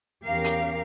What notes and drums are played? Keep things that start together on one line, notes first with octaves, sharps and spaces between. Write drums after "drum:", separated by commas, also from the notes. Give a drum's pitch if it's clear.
E2 C#4 G4 A#4 F5
drum: hi-hat